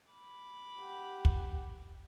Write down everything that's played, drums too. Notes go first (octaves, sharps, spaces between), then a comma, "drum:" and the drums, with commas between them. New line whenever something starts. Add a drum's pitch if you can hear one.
B5 D6
G4 F#5
drum: kick